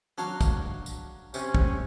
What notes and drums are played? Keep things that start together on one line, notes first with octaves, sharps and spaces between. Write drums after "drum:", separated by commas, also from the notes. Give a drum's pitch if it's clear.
F#3 D4 C#5 F5 A#5
drum: kick, tambourine
drum: tambourine
C3 C#4, drum: tambourine
drum: kick